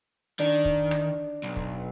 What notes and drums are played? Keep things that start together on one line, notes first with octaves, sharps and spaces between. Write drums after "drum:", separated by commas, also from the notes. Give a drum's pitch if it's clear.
D#3 D4
drum: kick
drum: rim click
B1
drum: kick